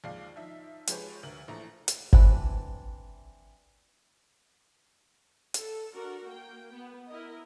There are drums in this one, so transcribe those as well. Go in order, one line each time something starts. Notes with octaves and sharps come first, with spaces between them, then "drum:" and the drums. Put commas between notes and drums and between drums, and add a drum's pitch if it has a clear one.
D#2 F3 G#3 D5 F5 C7
F3 D#4 E5
F3 G#3 G4 G#4 B4 C#5, drum: hi-hat
D2 A#4 F#7
A#1 E3 A3 A#5
drum: hi-hat
E3 C4 D4 B4, drum: kick G1
A4, drum: hi-hat
D4 F#4 A#4
A#3 G5
B3
E4 A#4 D#5